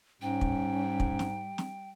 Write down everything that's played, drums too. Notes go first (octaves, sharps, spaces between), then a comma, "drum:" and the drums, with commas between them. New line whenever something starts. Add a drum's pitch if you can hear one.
G#2 G3 C#4 G5
drum: kick
drum: kick
drum: snare
drum: snare